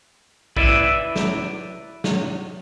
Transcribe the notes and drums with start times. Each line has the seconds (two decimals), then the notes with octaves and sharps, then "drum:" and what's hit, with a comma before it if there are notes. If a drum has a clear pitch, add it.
0.57 E4 B4 D5 E5, drum: kick A#1
1.16 drum: snare
2.04 drum: snare